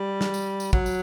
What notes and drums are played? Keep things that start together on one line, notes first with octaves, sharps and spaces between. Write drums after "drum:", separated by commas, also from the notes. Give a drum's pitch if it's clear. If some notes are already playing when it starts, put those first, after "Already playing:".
Already playing: G3
drum: snare
drum: tambourine
drum: tambourine
F#3, drum: kick
drum: tambourine